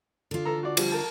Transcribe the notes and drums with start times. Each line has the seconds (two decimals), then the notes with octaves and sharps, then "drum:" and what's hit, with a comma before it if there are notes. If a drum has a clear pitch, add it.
0.31 D3 F4
0.45 A4 A#5
0.63 F#4 D5
0.77 F3 G3, drum: cymbal
0.92 A#4 A5